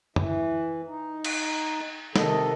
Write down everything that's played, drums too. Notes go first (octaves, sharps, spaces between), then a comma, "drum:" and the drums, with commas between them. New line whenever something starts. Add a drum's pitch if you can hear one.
E3, drum: tom F#2
D#4
drum: cymbal
C3 D#3 A4 D#5, drum: snare